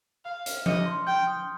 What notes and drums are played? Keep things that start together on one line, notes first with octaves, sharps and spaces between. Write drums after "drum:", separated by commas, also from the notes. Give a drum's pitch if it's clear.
F5 F6
F6, drum: hi-hat
D#5 C#7, drum: tom F3
C6
G5 G6
D#6